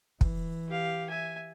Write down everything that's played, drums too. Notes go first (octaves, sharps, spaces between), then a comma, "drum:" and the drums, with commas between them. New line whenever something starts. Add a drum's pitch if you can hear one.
E3, drum: kick
G4 F5
E5 G#5